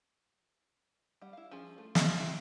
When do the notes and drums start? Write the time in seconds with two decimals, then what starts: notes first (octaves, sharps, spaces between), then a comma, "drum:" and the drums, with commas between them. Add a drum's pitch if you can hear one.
1.22 G3 F#5
1.33 E4 F5
1.51 F3 C#4 G#4
1.78 A3
1.95 G#4 D#5, drum: snare
2.20 C4 E4 E5 G5